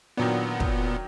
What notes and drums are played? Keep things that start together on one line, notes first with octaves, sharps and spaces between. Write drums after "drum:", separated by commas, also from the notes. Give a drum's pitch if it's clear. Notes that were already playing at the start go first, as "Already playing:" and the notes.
A#2 D#3 F#3 B3 D4
drum: kick